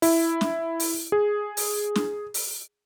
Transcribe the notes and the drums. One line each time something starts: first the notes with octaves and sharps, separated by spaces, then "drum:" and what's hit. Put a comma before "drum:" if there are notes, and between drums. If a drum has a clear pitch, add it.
E4, drum: open hi-hat
drum: snare
drum: open hi-hat
G#4
drum: open hi-hat
drum: snare
drum: open hi-hat